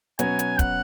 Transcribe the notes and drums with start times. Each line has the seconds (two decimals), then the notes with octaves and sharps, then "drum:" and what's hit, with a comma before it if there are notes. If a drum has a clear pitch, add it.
0.19 B2 F#3 C#4 F#4 B4 G#5, drum: hi-hat
0.39 drum: hi-hat
0.59 F#5, drum: kick, hi-hat